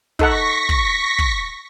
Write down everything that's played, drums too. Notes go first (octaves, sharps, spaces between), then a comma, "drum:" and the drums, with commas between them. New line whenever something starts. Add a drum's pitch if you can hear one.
D#4 A4 F#5 C#6 A#6 B6, drum: kick
drum: kick
drum: kick